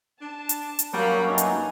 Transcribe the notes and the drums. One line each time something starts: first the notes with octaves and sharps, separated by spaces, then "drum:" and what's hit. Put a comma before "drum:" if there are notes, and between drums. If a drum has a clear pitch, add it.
D4 A5
drum: hi-hat
drum: hi-hat
F#3 G3 A#3 C#4 A#4 F5 B5
G2 D#4 E4 G#5
drum: hi-hat